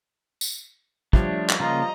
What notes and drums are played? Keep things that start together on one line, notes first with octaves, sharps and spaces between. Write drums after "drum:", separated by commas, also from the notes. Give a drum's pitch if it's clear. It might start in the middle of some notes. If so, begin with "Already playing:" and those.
drum: tambourine
F3 G3 A3 D4 C#5, drum: kick
drum: clap
C#3 A#3 F4 D#5 A#5